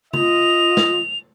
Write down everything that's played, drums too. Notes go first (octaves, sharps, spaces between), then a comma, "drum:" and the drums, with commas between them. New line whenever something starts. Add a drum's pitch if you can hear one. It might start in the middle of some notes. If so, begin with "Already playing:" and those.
F4 D#5 F7, drum: tom
drum: snare